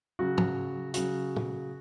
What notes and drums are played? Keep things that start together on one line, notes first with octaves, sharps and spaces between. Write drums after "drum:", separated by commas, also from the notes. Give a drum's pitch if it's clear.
C#3 F#3 F#4
drum: tom
C#3 F#3 F#4, drum: hi-hat
drum: tom